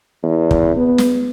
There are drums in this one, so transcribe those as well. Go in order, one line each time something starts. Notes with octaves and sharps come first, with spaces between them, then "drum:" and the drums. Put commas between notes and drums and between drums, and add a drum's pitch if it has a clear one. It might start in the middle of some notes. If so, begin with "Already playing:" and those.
E2
drum: kick
B3
drum: snare